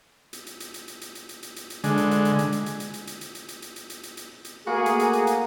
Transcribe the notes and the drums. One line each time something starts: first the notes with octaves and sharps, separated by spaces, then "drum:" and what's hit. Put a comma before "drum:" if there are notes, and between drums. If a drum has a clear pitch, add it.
drum: hi-hat
drum: hi-hat
drum: hi-hat
drum: hi-hat
drum: hi-hat
drum: hi-hat
drum: hi-hat
drum: hi-hat
drum: hi-hat
drum: hi-hat
drum: hi-hat
D3 G#3, drum: hi-hat
drum: hi-hat
drum: hi-hat
drum: hi-hat
drum: hi-hat
drum: hi-hat
drum: hi-hat
drum: hi-hat
drum: hi-hat
drum: hi-hat
drum: hi-hat
drum: hi-hat
drum: hi-hat
drum: hi-hat
drum: hi-hat
drum: hi-hat
drum: hi-hat
drum: hi-hat
drum: hi-hat
A3 A#3 F#4 G#4 A#4
drum: hi-hat
drum: hi-hat
drum: hi-hat
drum: hi-hat